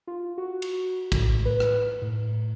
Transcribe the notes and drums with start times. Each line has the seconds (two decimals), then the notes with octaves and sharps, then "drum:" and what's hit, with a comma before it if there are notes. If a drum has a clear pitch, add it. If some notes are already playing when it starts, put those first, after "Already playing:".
0.07 F4
0.38 F#4
0.62 drum: cymbal
1.12 A2, drum: kick, cymbal
1.45 B4
1.60 drum: rim click
2.02 A2